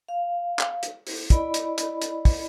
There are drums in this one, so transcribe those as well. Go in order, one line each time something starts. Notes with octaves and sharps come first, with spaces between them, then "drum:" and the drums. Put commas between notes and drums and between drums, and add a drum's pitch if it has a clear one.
F5
drum: clap
drum: hi-hat
drum: open hi-hat
E4 D5 D#5 B5, drum: kick, hi-hat
drum: hi-hat
drum: hi-hat
drum: hi-hat
drum: kick, open hi-hat